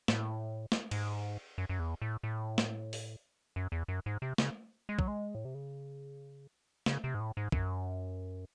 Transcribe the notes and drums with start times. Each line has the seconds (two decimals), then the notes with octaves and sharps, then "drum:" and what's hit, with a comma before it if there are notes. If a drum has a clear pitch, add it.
0.08 A2, drum: snare
0.72 drum: snare
0.91 G#2, drum: cymbal
1.58 F#2
1.69 F#2
1.79 E2
2.02 A2
2.23 A2
2.58 drum: snare
2.93 drum: open hi-hat
3.56 F#2
3.72 E2
3.88 F#2
4.06 G#2
4.22 C3
4.38 C#3, drum: snare
4.89 G#3
4.99 F#3, drum: kick
5.08 G#3
5.35 A2
5.45 C3
5.55 C#3
6.86 C#3, drum: snare
7.04 C3
7.14 G#2
7.20 A2
7.37 G#2
7.52 F#2, drum: kick